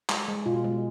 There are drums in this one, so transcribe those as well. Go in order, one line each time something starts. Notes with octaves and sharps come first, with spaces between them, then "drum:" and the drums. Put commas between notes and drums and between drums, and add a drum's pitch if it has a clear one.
G#3, drum: clap
G#3
B2 F4
G#3